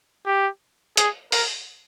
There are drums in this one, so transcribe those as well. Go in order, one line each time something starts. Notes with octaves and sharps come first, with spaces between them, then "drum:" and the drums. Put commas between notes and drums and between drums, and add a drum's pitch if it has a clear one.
G4
G#4, drum: hi-hat
A#4, drum: open hi-hat